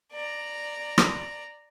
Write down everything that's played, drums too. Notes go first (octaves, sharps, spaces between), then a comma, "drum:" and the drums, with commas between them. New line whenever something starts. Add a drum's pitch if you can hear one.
D5 A#5
drum: rim click